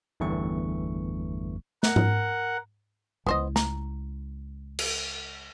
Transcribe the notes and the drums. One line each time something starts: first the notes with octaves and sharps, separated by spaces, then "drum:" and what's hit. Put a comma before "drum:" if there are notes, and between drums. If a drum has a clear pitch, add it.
G1 E2 G2 E3 A3 C#6
A#4 F#5, drum: snare
drum: tom G#2
C#2 B3 E4 C5 D#5
A#5, drum: snare
drum: cymbal